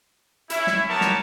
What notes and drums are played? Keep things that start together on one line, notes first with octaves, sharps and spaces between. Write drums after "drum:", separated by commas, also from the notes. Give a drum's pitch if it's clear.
C#4 E4, drum: hi-hat
drum: snare
B3 G4 A#4 C#5 A5
drum: snare